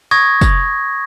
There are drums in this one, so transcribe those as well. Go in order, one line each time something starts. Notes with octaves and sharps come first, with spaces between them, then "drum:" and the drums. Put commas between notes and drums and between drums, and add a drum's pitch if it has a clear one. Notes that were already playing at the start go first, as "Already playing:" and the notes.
C#6 D#6 G#6 A#6
drum: kick, tambourine